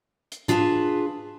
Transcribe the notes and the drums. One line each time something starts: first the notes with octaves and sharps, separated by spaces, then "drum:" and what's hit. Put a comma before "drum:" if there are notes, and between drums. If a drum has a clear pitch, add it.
drum: hi-hat
D4 F4 G#4 B4 G5 A5, drum: tom G#2